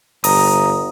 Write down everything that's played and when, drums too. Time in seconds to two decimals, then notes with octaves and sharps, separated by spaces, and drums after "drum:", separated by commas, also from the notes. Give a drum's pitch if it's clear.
0.24 G1 A#5 D#6, drum: open hi-hat